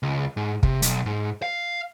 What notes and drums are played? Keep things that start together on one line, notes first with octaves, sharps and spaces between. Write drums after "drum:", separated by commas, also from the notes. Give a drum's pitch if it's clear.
C#2
G#2
C3, drum: kick
B1, drum: hi-hat
G#2
F5